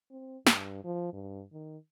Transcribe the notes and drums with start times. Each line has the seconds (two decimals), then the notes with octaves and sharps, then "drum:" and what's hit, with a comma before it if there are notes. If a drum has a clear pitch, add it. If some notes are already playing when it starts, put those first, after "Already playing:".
0.11 C4
0.47 G2, drum: snare
0.84 F3
1.13 G2
1.53 D#3